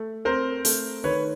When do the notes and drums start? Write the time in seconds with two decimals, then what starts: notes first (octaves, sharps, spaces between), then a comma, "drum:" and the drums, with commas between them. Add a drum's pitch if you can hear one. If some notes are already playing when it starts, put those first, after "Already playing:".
Already playing: A3
0.25 C4 A#4 C5
0.65 A3, drum: open hi-hat
1.04 D#3 B4 C#5